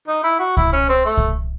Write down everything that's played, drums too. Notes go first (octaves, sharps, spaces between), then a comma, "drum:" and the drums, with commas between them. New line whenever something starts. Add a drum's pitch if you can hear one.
D#4
E4
F#4
E4, drum: kick C2
C#4
C4
A3
drum: kick C2